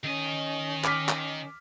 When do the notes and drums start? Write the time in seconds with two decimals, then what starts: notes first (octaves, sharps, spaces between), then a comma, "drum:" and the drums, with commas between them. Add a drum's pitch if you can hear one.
0.04 D#3 C#4 D#5
0.84 D6 F6 B6, drum: clap
1.09 drum: clap